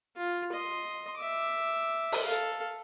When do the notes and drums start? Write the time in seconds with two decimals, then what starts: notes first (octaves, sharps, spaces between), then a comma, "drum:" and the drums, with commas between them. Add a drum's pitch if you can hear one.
0.17 F4
0.53 D#5 C6
1.18 E5 D6
2.12 drum: open hi-hat
2.24 A4 F5